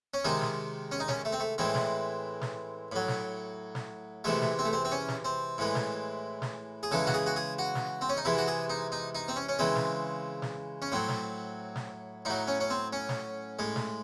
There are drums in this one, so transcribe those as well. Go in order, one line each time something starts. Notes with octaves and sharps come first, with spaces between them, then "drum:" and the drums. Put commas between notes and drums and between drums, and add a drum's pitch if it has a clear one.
C#4
C3 D#3 G#3 D#4
drum: snare
C#4
D#4
C#4, drum: snare
A3
C4
A3
A2 E3 G#3 C4
drum: snare
drum: snare
A2 F#3
drum: snare
drum: snare
C3 E3 G#3 A3
drum: snare
C4
A3
C4
C4
C#4
drum: snare
C4
A2 E3 G#3
drum: snare
drum: snare
G#4
C#3 E3 G#3 A4
F#4, drum: snare
G#4
F#4
G#4
F#4
drum: snare
C4
C#4
D#4
C3 E3 G#3 E4
F#4
G#4
D#4
D#4
D#4
C4
C#4
C#4
C#3 E3 G#3 C4
drum: snare
drum: snare
C#4
A2 F#3 C4
drum: snare
drum: snare
A2 F#3 D#4
C#4
C#4
C4
C#4
drum: snare
A2 G#3
drum: snare